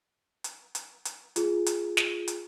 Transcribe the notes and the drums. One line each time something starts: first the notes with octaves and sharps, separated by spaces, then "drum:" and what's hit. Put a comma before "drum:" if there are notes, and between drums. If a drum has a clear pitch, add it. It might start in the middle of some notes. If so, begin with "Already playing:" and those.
drum: hi-hat
drum: hi-hat
drum: hi-hat
F4 G#4, drum: hi-hat
drum: hi-hat
drum: snare
drum: hi-hat